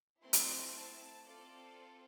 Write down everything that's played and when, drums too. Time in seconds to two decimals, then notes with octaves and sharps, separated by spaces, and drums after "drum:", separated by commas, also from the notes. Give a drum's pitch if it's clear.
0.22 A3 C4 E4 C6
0.33 drum: hi-hat
0.75 A5
1.27 C4 F4 A4 D5